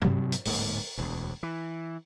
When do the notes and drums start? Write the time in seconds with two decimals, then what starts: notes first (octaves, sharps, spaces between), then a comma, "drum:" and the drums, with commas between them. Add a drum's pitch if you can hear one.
0.02 B2 F#3 G3 A#3, drum: tom G2
0.32 drum: hi-hat
0.45 D1 G#2 A#3, drum: open hi-hat
0.98 E1 D2
1.43 E3